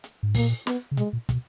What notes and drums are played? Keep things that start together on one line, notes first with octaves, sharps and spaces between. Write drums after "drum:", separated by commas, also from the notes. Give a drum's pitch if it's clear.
drum: hi-hat
G#2
A#2 A#3, drum: kick, open hi-hat
B3, drum: snare
C#3
B2 G#3, drum: hi-hat
A#2
B2, drum: kick, hi-hat